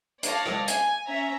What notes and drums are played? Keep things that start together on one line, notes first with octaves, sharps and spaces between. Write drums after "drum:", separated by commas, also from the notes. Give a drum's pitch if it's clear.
C#5 D5 F5 A5 A#6, drum: hi-hat
drum: rim click
G#5, drum: hi-hat
C#4 E5 A#5